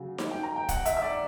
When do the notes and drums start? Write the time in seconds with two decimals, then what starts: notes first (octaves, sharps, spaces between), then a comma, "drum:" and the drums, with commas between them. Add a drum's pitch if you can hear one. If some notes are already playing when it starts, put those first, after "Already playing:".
Already playing: C#3 F#3
0.18 drum: snare D#4
0.31 G5
0.43 A#5
0.56 G5
0.69 F#5, drum: kick, hi-hat
0.86 E5, drum: hi-hat
0.97 E5
1.02 D5